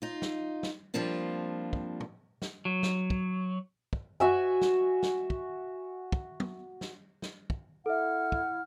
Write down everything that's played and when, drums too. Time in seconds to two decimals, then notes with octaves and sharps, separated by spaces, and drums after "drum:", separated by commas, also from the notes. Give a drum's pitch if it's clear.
0.02 D#4 F4
0.22 drum: snare
0.63 drum: snare
0.94 F3 G3 A#3 C4 D4 F4
1.73 drum: kick
2.00 drum: tom
2.42 drum: snare
2.65 F#3
2.83 drum: snare
3.10 drum: kick
3.93 drum: kick
4.20 F#4 E5 G#5, drum: tom F#2
4.61 drum: snare
5.03 drum: snare
5.30 drum: kick
6.12 drum: kick
6.40 drum: tom
6.81 drum: snare
7.22 drum: snare
7.50 drum: kick
7.86 E4 A4 E5 F#5 F6
8.32 drum: kick